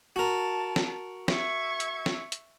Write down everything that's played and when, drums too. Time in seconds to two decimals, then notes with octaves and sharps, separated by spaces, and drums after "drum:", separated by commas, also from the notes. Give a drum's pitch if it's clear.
0.16 F#4 A#4 A5
0.76 drum: snare
1.28 E5 C#6 G#6, drum: snare
1.80 drum: hi-hat
2.06 drum: snare
2.32 drum: hi-hat